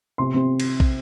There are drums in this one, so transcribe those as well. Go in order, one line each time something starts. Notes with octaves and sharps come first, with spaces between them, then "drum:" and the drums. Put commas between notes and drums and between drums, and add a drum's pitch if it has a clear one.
C3 C6
C3
drum: cymbal
drum: kick